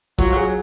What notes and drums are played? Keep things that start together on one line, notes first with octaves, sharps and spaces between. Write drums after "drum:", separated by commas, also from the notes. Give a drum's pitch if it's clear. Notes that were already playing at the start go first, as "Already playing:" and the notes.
F#3 F4, drum: kick
G#4